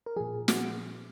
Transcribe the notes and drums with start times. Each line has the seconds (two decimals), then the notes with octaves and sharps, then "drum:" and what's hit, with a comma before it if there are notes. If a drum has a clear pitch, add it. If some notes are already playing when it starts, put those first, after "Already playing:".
0.06 A#4
0.16 A#2 F3 G#4
0.48 F#4, drum: snare